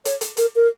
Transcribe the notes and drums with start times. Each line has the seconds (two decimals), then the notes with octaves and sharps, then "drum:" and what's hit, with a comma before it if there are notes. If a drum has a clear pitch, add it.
0.05 C#5, drum: hi-hat
0.21 drum: hi-hat
0.37 A#4, drum: hi-hat
0.56 A#4